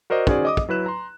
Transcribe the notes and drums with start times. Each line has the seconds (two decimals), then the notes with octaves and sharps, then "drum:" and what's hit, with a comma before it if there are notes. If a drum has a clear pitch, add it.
0.10 F#4 A#4 C5 D5 D#5
0.27 D#3 C#4 F#4 G#4 C5 D5, drum: kick
0.45 D#5 D6 D#6
0.57 drum: kick
0.69 F#3 E4 B4 F#6 E7
0.86 A#5 C6